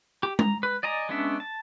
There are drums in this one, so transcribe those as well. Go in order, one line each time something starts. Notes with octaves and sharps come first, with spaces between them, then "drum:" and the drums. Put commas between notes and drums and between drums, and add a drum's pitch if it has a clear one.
G4
A#5, drum: tom G#3
B4
D5 D#5 G#5 A#5
G#3 B3 C#4 D4 E5
A5